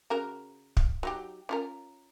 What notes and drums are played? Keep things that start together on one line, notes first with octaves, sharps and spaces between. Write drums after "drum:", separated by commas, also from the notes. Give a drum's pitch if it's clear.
C#3 F#4 A#4
drum: kick
F#3 D#4 G4
C#4 F4 A#4